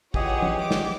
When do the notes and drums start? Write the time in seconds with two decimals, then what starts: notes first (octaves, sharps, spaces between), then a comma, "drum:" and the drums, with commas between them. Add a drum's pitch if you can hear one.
0.14 E3 F4 G4 G#4 C#5 D#5 F#5, drum: kick
0.42 drum: tom
0.60 D6
0.71 drum: snare